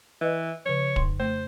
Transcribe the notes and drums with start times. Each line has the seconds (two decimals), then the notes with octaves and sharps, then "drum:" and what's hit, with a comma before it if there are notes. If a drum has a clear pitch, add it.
0.21 E3 B4 D#5
0.66 C#3 F3 C#5
0.96 F2 C6, drum: kick
1.20 A3 C5